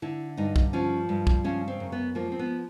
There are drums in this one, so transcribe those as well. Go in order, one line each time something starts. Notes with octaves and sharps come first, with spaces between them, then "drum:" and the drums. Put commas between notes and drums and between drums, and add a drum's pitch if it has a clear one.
D3 E4
G2 D#4
drum: kick
F3 C#4
G2
drum: kick
C#3 C#4
C4
F#2
B3
F3 A#3
C4
B3